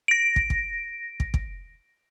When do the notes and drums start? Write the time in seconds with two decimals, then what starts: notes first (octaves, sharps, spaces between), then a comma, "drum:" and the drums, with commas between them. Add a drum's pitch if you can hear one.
0.08 A#6 D7
0.36 drum: kick
0.50 drum: kick
1.20 drum: kick
1.34 drum: kick